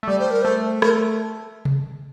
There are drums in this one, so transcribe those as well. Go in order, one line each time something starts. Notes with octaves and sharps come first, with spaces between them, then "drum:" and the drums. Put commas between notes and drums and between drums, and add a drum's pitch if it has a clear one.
A3
G3 D5
C5
A#4
A3 C5
A3 A#4, drum: rim click
drum: tom C3